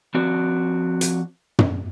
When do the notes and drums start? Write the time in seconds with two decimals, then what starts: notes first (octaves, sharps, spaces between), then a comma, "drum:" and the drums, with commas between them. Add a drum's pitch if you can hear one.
0.15 F3 C4 F#4 D5
1.01 drum: hi-hat
1.59 drum: tom